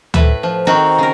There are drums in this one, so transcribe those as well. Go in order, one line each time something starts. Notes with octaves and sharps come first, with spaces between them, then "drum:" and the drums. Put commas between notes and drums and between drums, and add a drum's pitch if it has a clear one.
A2 B4 E5, drum: tom D2
F3
D#3 C4 F#4 A#5
C#3 A#4